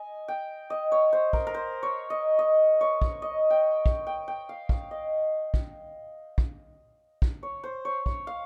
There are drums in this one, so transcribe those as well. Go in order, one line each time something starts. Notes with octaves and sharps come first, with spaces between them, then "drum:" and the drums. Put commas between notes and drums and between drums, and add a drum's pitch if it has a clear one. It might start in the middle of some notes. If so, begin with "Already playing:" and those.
Already playing: D#5 G#5
G5
D#5
C#5
C5
A#4, drum: kick
A#4
C5
C#5
D#5
D#5
C#5
drum: kick
D#5
G5
drum: kick
G5
G5
F5
F5, drum: kick
D#5
drum: kick
drum: kick
drum: kick
C#5
C5
C#5
C#5, drum: kick
F5